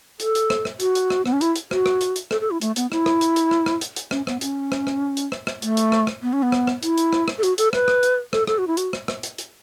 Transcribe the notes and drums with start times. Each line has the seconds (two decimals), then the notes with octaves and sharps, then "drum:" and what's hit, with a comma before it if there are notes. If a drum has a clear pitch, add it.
0.20 A4, drum: hi-hat
0.35 drum: hi-hat
0.50 drum: rim click
0.65 drum: rim click
0.80 F#4, drum: hi-hat
0.95 drum: hi-hat
1.10 drum: rim click
1.26 B3, drum: rim click
1.33 C#4
1.41 E4, drum: hi-hat
1.56 drum: hi-hat
1.71 F#4, drum: rim click
1.86 drum: rim click
2.01 drum: hi-hat
2.16 drum: hi-hat
2.31 A4, drum: rim click
2.41 A4
2.51 E4
2.61 A3, drum: hi-hat
2.76 B3, drum: hi-hat
2.92 E4, drum: rim click
3.06 drum: rim click
3.21 drum: hi-hat
3.36 drum: hi-hat
3.51 drum: rim click
3.66 drum: rim click
3.81 drum: hi-hat
3.96 drum: hi-hat
4.11 C#4, drum: rim click
4.27 B3, drum: rim click
4.41 C#4, drum: hi-hat
4.72 drum: rim click
4.87 drum: rim click
5.17 drum: hi-hat
5.32 drum: rim click
5.47 drum: rim click
5.62 A3, drum: hi-hat
5.77 drum: hi-hat
5.92 drum: rim click
6.07 drum: rim click
6.22 B3
6.33 C#4
6.43 B3
6.52 drum: rim click
6.67 drum: rim click
6.83 E4, drum: hi-hat
6.98 drum: hi-hat
7.13 drum: rim click
7.28 drum: rim click
7.39 A4
7.43 F#4, drum: hi-hat
7.58 A4, drum: hi-hat
7.73 B4, drum: rim click
7.88 drum: rim click
8.03 drum: hi-hat
8.33 A4, drum: rim click
8.47 A4, drum: rim click
8.58 F#4
8.67 E4
8.77 F#4, drum: hi-hat
8.93 drum: rim click
9.08 drum: rim click
9.23 drum: hi-hat
9.38 drum: hi-hat